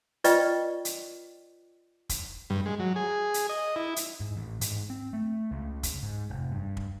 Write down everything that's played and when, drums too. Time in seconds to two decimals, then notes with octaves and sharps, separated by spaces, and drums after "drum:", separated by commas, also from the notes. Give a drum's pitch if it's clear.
0.24 F4 B4 D5 D#5 G5 C#6, drum: hi-hat
0.85 drum: hi-hat
2.09 drum: kick, hi-hat
2.50 G2
2.66 G#3
2.80 F#3
2.96 G#4
3.34 drum: hi-hat
3.49 D#5
3.76 E4
3.96 drum: hi-hat
4.20 G#2
4.37 A1
4.61 G#2, drum: hi-hat
4.90 C4
5.13 A3
5.51 C#2
5.83 drum: kick, hi-hat
6.03 G#2
6.30 F1
6.52 G2
6.77 drum: kick